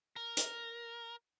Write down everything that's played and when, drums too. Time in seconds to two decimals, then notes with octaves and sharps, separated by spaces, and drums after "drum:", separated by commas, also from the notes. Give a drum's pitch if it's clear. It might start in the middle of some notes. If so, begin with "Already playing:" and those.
0.16 A#4
0.37 drum: hi-hat